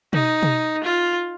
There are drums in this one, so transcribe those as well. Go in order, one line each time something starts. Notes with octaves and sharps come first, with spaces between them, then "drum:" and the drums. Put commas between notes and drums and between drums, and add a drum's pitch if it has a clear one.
D#4, drum: tom B2
drum: tom B2
F4